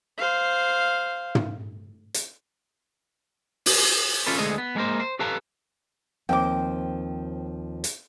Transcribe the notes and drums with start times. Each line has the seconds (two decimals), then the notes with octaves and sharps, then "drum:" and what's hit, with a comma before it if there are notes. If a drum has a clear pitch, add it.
0.18 C5 F5
1.35 drum: tom
2.14 drum: hi-hat
3.66 drum: open hi-hat
4.26 C#4 F4 A4 B4
4.39 D2 G#3 G#4 A4 D#5
4.58 B3
4.76 G#3 A#3 A#4 C5
5.00 C5
5.19 G4 A4 B4 F5 A5 A#5
6.29 D#2 F3 C4 G5 D6
7.84 drum: hi-hat